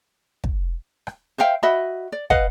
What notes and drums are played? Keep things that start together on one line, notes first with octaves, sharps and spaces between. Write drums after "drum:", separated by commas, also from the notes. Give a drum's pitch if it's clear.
drum: kick
drum: rim click
C5 E5 F5 G5
F#4 D#5 E5 B5
D5
B4 D#5 F5 F#5, drum: kick